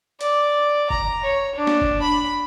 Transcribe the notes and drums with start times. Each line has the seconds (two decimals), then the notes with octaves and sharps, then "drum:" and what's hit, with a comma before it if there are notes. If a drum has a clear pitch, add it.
0.21 D5, drum: hi-hat
0.90 A#5, drum: kick F#1
1.24 C#5
1.55 D4
1.67 drum: snare
1.82 drum: kick F#1
2.02 B5